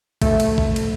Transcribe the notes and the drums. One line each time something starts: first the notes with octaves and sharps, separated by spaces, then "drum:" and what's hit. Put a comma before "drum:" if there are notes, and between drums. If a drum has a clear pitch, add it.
A3, drum: kick, cymbal
drum: cymbal
drum: kick
drum: cymbal